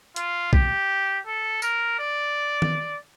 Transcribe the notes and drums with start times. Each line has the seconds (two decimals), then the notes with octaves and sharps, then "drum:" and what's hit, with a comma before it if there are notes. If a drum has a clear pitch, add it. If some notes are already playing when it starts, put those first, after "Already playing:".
0.16 F4, drum: hi-hat
0.53 G4, drum: kick
1.26 A4
1.62 A#4, drum: tambourine
1.99 D5
2.62 drum: tom D#3